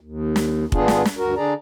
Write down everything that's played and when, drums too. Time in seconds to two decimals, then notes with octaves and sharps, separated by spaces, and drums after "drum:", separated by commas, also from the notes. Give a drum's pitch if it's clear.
0.01 D#2
0.36 drum: snare
0.72 G2 D3 B3 D4 F4 G#4, drum: kick
0.88 drum: snare
1.05 drum: snare
1.18 D2 G2 F#4 A#4
1.36 D3 D4 G#4 D5 A#5